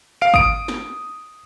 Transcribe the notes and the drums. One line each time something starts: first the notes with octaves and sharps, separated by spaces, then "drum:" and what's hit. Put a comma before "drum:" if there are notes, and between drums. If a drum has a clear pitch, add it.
F5 D7
D#6 D7, drum: kick G#1
drum: snare